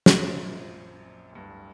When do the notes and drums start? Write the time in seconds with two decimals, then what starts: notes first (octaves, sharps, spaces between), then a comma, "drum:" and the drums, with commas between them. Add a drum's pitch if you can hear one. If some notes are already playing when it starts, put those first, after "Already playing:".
0.06 drum: snare
0.21 A#1 F#2 A#2 C4 D#5 D7
1.32 D1 G2